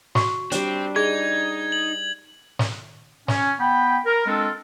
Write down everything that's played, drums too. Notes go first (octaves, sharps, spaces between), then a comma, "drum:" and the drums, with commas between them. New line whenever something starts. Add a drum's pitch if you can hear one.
F#4 C#6, drum: snare
G3 C4 D4, drum: hi-hat
D#4 G#4 G#6
F#7
drum: snare
C#4, drum: snare
B3 G5 B5
A#4
G#3 C4 D4 F4 A4